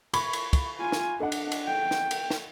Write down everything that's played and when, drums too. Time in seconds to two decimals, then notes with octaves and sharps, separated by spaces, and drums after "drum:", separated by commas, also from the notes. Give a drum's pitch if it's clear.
0.14 B5 C#6 G#6, drum: cymbal
0.33 drum: cymbal
0.53 drum: kick, cymbal
0.80 F4 G#5
0.92 drum: snare
1.20 D4 A4 D#5 F#5
1.32 drum: cymbal
1.52 drum: cymbal
1.67 G5
1.91 drum: snare
2.11 drum: cymbal
2.30 drum: snare